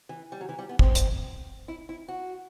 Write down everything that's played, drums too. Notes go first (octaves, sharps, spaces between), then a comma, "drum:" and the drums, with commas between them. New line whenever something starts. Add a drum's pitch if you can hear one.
E3
G3
F#3
E3
G3
B3
C4, drum: kick
drum: hi-hat
E4
E4
F#4